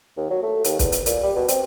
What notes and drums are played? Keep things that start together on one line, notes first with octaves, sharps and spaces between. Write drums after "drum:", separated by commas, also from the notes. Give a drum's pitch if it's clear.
D#2
F#3
A3
D#2, drum: hi-hat
E2, drum: kick, hi-hat
drum: hi-hat
A#2, drum: hi-hat
G3
B2
C4, drum: hi-hat